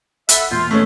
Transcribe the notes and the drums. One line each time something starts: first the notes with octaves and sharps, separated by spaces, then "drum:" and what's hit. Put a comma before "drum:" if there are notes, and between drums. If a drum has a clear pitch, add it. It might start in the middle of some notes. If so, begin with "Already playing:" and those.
A4 E5 F#5 B5, drum: hi-hat
E1 A#2 F4 G6
G#3 A3 C#4